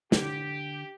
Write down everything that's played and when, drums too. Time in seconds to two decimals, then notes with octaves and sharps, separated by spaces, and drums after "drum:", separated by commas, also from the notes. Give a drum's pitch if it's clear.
0.12 D3 G4, drum: snare